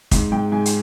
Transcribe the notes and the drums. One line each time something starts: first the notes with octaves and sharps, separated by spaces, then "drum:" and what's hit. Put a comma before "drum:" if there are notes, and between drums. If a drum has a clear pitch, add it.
G#2, drum: kick, hi-hat
G#2 G5
G#2 G#5
drum: hi-hat